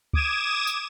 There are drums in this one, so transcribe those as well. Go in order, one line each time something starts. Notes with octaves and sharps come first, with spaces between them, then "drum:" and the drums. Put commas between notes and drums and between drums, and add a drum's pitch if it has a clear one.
D6 D#6 G#6 D#7 E7, drum: kick
drum: tambourine